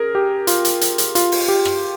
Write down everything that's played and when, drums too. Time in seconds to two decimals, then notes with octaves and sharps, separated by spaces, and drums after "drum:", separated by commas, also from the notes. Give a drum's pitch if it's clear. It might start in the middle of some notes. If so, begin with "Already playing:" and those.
Already playing: C#4 G#4 A#4
0.15 G4
0.47 F4, drum: hi-hat
0.65 drum: hi-hat
0.81 drum: hi-hat
0.98 drum: hi-hat
1.15 F4, drum: hi-hat
1.32 drum: open hi-hat
1.48 G4
1.65 drum: rim click